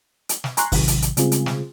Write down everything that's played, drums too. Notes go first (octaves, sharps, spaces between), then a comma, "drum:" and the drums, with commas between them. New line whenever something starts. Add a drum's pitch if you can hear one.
drum: hi-hat
drum: snare
G#5 A#5 C6 C#6 F#6, drum: hi-hat
A1 C3 D#3 F#3, drum: kick, open hi-hat
drum: hi-hat
drum: hi-hat
C#3 G3 G#3 C4 F4 G#4, drum: hi-hat
drum: hi-hat
drum: snare